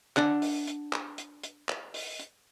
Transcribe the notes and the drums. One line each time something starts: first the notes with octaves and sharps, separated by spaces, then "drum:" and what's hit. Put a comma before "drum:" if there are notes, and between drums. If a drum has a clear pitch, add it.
D4 F#5, drum: clap
drum: open hi-hat
drum: hi-hat
drum: clap
drum: hi-hat
drum: hi-hat
drum: clap
drum: open hi-hat
drum: hi-hat